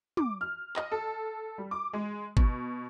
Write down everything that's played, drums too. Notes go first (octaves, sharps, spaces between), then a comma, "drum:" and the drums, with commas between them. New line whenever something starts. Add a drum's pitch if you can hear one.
D6, drum: tom
F6
D#5, drum: clap
A4
G3
D6
G#3
B2, drum: kick